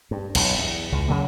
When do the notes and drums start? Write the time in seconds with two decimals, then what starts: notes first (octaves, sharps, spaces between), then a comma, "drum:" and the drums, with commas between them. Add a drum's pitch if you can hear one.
0.11 G2
0.35 B1 E2 G2, drum: cymbal
0.58 E2
0.92 C#2
1.08 C#3 F#3 A#3